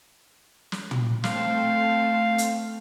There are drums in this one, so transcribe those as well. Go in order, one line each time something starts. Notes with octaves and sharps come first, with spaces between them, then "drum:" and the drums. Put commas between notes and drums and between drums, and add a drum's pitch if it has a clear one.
drum: snare
drum: tom
A3 C4 A4 F5, drum: snare
drum: hi-hat